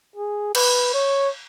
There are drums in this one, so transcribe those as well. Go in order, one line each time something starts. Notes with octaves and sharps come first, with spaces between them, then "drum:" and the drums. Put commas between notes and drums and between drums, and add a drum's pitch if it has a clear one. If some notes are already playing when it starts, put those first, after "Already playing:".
G#4
B4, drum: cymbal
C#5